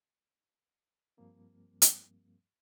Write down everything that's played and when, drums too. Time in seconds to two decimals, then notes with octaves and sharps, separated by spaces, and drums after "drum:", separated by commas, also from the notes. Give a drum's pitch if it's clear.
1.17 G2 F3 G3 A#3 C4
1.82 drum: hi-hat